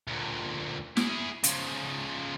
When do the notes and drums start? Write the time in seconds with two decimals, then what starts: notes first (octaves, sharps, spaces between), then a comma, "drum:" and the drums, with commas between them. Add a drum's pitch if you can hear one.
0.08 D2 A#2
0.97 E4 G#4, drum: snare
1.44 C#3 F3, drum: hi-hat